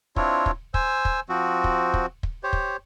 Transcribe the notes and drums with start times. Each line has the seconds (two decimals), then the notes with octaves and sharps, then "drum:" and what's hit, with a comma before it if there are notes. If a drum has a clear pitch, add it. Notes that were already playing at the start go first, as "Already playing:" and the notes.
0.16 C4 D4 E4 F4 C#5, drum: kick
0.46 drum: kick
0.74 C5 G#5 E6, drum: kick
1.05 drum: kick
1.29 F3 C4 F#4
1.64 drum: kick
1.94 drum: kick
2.23 drum: kick
2.43 G4 C5 C#5
2.53 drum: kick